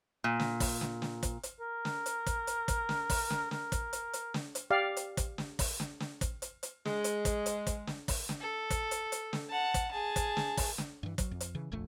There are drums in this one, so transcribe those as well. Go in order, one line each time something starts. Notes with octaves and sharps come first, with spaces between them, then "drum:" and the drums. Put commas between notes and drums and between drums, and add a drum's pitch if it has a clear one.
A#2
drum: snare
drum: kick, open hi-hat
drum: snare
drum: snare
drum: kick, hi-hat
drum: hi-hat
A#4
drum: snare
drum: hi-hat
drum: kick, hi-hat
drum: hi-hat
drum: kick, hi-hat
drum: snare
drum: kick, open hi-hat
drum: snare
A#4, drum: snare
drum: kick, hi-hat
drum: hi-hat
drum: hi-hat
drum: snare
drum: hi-hat
G4 D5 F5
drum: hi-hat
drum: kick, hi-hat
drum: snare
drum: kick, open hi-hat
drum: snare
drum: snare
drum: kick, hi-hat
drum: hi-hat
drum: hi-hat
G#3, drum: snare
drum: hi-hat
drum: kick, hi-hat
drum: hi-hat
drum: kick, hi-hat
drum: snare
drum: kick, open hi-hat
drum: snare
A4
drum: kick, hi-hat
drum: hi-hat
drum: hi-hat
drum: snare
F#5 A5
drum: kick, hi-hat
G#4 A5
drum: kick, hi-hat
drum: snare
drum: kick, open hi-hat
drum: snare
G2 E3
F#3, drum: kick, hi-hat
F2
drum: hi-hat
C#3 E3
D#1 A#1 F2 A3